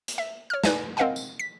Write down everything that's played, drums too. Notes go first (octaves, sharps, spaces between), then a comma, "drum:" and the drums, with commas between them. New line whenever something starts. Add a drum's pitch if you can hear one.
drum: hi-hat
E5
C#5 F6
D#4 B4 D5 G#5, drum: snare
C4 A#4 D#5 F5 F#5 G#5
drum: tambourine
B6